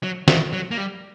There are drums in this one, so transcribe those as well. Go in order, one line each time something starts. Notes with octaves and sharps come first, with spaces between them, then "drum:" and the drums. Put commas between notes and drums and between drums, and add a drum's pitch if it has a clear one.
F#3
E3, drum: snare
F#3
A#3
G3